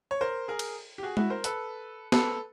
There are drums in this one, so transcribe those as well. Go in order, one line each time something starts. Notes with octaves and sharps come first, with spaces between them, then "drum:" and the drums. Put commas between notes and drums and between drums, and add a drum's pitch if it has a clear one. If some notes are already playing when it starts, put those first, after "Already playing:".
C#5
A#4 C5
G#4 A#4
drum: cymbal
G4
F#4 G#4
E4 F#4, drum: tom G#3
A#4 C5
A4 B4, drum: hi-hat
A4 B4, drum: snare